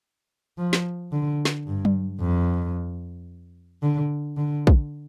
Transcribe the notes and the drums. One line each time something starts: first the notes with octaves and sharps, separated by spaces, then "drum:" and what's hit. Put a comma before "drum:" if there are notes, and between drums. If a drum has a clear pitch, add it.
F3
drum: snare
D3
drum: snare
G2
drum: tom F#3
F2
D3
D3
drum: kick